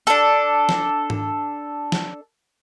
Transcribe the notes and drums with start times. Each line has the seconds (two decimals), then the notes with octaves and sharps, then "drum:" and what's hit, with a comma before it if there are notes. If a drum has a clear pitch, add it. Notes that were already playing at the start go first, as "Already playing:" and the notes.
0.07 D4 A4
0.69 drum: snare
1.10 drum: tom G#2
1.92 drum: snare